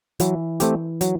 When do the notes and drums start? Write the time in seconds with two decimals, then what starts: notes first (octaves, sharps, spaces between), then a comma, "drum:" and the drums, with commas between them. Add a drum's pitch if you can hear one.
0.20 E3 F#3, drum: hi-hat
0.60 A3 C4 G4, drum: hi-hat
1.01 F#3, drum: hi-hat